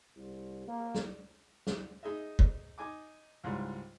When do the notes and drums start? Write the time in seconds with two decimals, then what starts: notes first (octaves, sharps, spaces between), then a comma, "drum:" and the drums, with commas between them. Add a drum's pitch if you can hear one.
0.16 C2
0.68 A#3
0.95 drum: snare
1.67 drum: snare
2.03 D#4 G#4 D#5 E5
2.39 drum: kick
2.78 D#4 G#5 D6
3.44 C#2 G#2 E3 G3